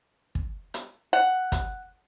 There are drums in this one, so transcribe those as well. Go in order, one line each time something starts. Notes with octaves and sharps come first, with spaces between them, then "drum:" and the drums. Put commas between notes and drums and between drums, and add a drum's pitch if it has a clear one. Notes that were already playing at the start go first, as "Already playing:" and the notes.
drum: kick
drum: hi-hat
F#5
drum: kick, hi-hat